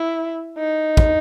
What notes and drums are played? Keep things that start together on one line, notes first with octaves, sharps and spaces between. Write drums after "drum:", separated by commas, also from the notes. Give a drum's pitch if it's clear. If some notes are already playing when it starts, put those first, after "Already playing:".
Already playing: E4
D#4
drum: kick